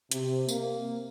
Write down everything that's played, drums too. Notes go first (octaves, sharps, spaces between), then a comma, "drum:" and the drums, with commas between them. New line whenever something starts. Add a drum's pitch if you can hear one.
C3, drum: hi-hat
A#3, drum: tambourine